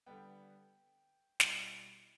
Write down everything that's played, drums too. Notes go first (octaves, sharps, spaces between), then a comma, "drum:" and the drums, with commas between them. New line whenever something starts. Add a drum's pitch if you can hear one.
D3 G3 B3 G5
B2 G3 E4, drum: snare